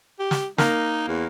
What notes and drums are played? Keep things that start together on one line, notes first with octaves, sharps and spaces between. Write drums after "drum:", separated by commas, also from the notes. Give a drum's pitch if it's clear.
G4
drum: snare
A#3 D#4, drum: snare
E2